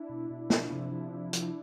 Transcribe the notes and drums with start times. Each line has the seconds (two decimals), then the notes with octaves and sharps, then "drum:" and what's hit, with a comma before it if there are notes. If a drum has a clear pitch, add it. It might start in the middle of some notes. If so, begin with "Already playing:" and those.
Already playing: D4 E4
0.09 B2
0.30 B2
0.50 F3, drum: snare
0.72 C3
0.92 F3
1.13 C3
1.33 F3, drum: hi-hat